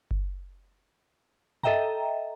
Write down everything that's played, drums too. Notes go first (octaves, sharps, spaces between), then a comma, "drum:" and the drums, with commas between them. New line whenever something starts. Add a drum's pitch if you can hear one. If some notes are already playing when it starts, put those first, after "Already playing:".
drum: kick F#1
A4 D#5 E5 G5 A#5, drum: tom